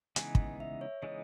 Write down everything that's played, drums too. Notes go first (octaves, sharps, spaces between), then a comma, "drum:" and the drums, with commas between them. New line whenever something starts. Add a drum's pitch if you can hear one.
C#3 E3 G#3 B3 D#4 G#5, drum: hi-hat
drum: kick
E5
C#5
C#3 E3 G#3 B3 D#4 D#5